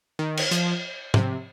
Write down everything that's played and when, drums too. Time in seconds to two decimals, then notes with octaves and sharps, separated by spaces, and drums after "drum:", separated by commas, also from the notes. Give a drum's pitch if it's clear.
0.19 D#3
0.37 drum: cymbal
0.51 F3, drum: hi-hat
1.14 C3, drum: tom